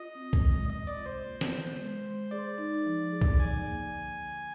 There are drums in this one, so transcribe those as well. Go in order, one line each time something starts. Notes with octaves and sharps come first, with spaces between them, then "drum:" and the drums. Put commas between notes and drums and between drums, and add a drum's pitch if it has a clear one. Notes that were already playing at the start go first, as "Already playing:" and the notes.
Already playing: F4 D#5
C4
drum: kick C2
G#3
C3 D#5
D5
F4
C5
A#3
drum: snare
D#3
G#3
G#3
G#4 D5
D#4
F3
G#4
drum: kick C2
D#4 G#5
A#3
D3
D3